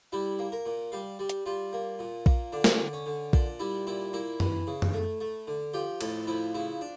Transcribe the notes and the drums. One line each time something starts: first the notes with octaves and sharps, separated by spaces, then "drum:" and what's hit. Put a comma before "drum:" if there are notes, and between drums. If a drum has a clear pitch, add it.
G3 E4
A#3
A#4
A#2
G3 F5
G3
drum: hi-hat
G3 F4
A#3
A#2
A#3, drum: kick A#1
D3 D4
drum: snare
D3
C#4
D3
A#2 D4, drum: kick A#1
G3 E4
A#2 E4
A#3 E4
E3, drum: tom
C#3
drum: tom
A3
A3
D3
F3 G4
A2 A4, drum: cymbal
F3 E4
C#3 E4
D4